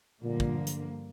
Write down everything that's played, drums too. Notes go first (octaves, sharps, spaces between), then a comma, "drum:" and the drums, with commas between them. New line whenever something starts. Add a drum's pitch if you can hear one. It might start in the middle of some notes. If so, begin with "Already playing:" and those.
G2 A#2 D3 F3 A#3
drum: kick
drum: hi-hat